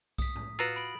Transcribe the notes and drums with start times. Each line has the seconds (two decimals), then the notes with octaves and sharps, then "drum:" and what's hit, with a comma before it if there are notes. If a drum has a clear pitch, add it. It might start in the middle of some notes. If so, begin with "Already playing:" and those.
0.18 D#6 B6, drum: kick B1, tambourine
0.36 drum: tom A2
0.59 F4 F#4 B4 A#5 E6
0.76 B5 D7 F#7